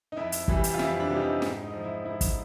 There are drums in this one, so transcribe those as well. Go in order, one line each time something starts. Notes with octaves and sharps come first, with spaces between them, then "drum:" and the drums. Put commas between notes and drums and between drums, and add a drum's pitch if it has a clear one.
D#4
F2 E4
drum: hi-hat
C3 E3 G3, drum: kick
drum: hi-hat
F4
F2 E4, drum: snare
D4
C3 E3 G3
D#4
D4
G#2, drum: snare
D#4
F3
E4
G#2 E4
drum: kick, hi-hat